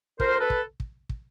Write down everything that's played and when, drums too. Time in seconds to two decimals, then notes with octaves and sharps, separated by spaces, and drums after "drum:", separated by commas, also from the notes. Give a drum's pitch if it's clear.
0.20 D2 A#4 C5, drum: kick
0.40 A4 B4
0.50 drum: kick
0.80 drum: kick
1.09 drum: kick